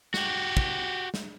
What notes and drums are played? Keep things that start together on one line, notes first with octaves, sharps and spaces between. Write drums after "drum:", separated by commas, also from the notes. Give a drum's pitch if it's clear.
F#4 G4, drum: snare
drum: kick
drum: snare